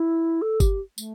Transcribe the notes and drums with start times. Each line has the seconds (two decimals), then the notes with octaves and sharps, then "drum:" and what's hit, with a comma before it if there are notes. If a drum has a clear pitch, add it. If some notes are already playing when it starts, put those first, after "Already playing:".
Already playing: E4
0.42 A4
0.60 G4, drum: kick G1, tambourine
0.98 A3, drum: tambourine